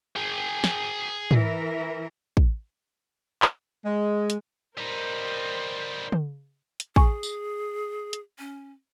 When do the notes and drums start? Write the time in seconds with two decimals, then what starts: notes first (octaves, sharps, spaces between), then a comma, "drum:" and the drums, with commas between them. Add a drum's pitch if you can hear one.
0.16 G#4 G5
0.64 drum: snare
1.31 E3 A#4, drum: tom
2.37 drum: kick
3.42 drum: clap
3.86 G#3
4.30 drum: hi-hat
4.78 G3 D#4 A#4 C5
6.12 drum: tom
6.80 drum: hi-hat
6.96 G#4 G#5 C#6, drum: kick
7.23 drum: tambourine
8.13 drum: hi-hat
8.39 C#4